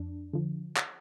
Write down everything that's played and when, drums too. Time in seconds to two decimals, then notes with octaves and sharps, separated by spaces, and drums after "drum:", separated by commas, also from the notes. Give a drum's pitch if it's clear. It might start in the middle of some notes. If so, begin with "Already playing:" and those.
Already playing: F2 D4
0.33 D3 F3
0.76 drum: clap